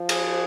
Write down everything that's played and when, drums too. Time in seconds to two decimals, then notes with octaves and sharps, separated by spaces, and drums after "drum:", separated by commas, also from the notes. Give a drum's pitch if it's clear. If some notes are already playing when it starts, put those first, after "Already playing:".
Already playing: F3
0.09 G#4, drum: cymbal